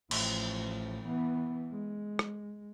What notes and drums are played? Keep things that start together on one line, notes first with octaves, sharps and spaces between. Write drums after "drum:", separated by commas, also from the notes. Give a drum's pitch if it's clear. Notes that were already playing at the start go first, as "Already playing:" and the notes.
A1 F3, drum: cymbal
E3 B3
G#3
drum: rim click